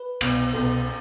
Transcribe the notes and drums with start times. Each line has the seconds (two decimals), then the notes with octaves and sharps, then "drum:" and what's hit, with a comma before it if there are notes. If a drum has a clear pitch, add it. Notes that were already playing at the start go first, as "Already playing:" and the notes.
Already playing: B4
0.21 C2 B2 B3, drum: cymbal
0.53 C2 B2 B3 A4